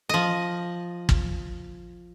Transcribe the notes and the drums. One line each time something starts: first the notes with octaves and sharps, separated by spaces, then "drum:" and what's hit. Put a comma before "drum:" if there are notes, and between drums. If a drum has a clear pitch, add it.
F3 D#5
drum: kick